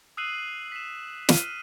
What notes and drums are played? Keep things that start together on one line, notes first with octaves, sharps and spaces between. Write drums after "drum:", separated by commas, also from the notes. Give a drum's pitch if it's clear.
D#6 E6 F#6 C7 D#7 F#7
B6 E7
F6 D#7, drum: snare